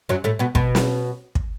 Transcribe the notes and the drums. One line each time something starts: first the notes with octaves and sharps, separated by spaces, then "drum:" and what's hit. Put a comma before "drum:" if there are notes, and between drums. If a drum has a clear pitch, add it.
F#2 F#3
A2 A3
B2 B3
B2 B3, drum: kick
drum: snare
drum: kick